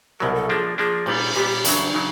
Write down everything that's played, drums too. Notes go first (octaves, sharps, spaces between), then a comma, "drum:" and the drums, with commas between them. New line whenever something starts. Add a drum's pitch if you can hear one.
C2 B2 F#3 A#4
A4
F3 A#3 D4 G#4
F3 A#3 D4 G#4
A#2 G3 B3, drum: cymbal
A#2 G3 B3 G4
G4
E2 C#3 F#3 D4, drum: hi-hat
C#3 F#3 D#4